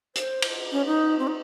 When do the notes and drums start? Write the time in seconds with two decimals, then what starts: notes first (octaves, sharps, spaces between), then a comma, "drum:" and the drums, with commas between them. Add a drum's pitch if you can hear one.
0.15 C5, drum: hi-hat
0.42 drum: cymbal
0.72 C#4
0.86 D#4
1.19 C4
1.27 D#4